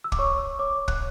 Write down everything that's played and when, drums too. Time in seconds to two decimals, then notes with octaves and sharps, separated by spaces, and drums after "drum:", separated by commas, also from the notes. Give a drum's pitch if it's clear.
0.04 E6
0.12 D6, drum: kick
0.19 C#5 C#6
0.59 C#5 D6
0.88 F#6, drum: kick